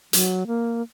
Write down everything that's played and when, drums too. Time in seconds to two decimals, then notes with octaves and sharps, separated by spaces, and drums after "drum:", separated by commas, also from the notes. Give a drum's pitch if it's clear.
0.13 F#3, drum: hi-hat
0.47 A#3